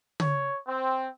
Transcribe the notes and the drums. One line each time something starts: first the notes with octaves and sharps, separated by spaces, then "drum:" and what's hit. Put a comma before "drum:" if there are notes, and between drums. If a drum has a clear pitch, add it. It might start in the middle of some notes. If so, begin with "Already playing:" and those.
C#5, drum: tom
C4